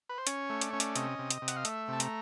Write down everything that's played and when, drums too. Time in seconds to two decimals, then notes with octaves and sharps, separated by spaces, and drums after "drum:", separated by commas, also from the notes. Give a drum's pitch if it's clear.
0.09 B4
0.18 C5
0.27 C#4 C#5, drum: hi-hat
0.50 A3
0.61 D5, drum: hi-hat
0.70 C#4 C#5
0.80 D5, drum: hi-hat
0.96 C3 D#5, drum: hi-hat
1.19 C3
1.31 drum: hi-hat
1.42 C3
1.48 F#5, drum: hi-hat
1.56 F5
1.65 A3 E5, drum: hi-hat
1.88 C3 A5
2.00 A#5, drum: hi-hat